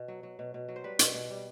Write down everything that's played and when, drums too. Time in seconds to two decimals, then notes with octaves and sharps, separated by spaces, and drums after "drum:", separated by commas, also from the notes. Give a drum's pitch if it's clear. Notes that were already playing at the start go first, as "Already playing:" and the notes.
Already playing: B2
0.08 F#3
0.23 F#3
0.39 B2
0.54 B2
0.68 F#3
0.76 C5
0.84 G3 B4
0.99 B2, drum: hi-hat
1.14 B2
1.30 G3